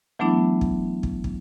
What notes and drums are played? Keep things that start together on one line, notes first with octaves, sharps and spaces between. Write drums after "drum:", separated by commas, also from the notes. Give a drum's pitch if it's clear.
E3 F#3 A3 B3 D4 E4
drum: kick
drum: kick
drum: kick